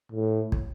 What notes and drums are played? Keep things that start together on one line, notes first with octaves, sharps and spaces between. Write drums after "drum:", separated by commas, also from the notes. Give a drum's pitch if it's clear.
A2
drum: kick